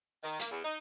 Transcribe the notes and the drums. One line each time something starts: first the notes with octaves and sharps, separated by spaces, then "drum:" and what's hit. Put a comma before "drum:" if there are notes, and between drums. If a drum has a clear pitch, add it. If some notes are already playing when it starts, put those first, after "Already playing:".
D#3
A#3, drum: hi-hat
E2
D#4